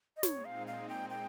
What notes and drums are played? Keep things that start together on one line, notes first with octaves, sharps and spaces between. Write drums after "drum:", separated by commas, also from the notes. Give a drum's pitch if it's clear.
D#5
A#2 G#3 C4 D#4 C#5, drum: snare
F5
F5
G5
G5